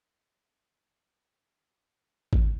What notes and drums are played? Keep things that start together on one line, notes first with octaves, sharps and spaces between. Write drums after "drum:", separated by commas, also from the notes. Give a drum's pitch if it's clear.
B4 F5 A5
E3 F#3 G3
A2 C3 F3
drum: kick G#1